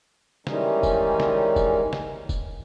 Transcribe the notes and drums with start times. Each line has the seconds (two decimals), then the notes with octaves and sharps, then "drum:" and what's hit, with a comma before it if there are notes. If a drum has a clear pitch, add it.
0.47 D#3 E3 G3 G#3 C#4 D#4, drum: snare
0.83 drum: kick, tambourine
1.20 drum: snare
1.56 drum: kick, tambourine
1.93 drum: snare
2.29 drum: kick, tambourine